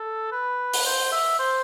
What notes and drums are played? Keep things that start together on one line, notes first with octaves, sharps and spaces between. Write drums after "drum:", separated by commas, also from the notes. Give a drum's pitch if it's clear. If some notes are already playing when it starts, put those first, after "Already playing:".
Already playing: A4
B4
drum: open hi-hat
C5
E5
C5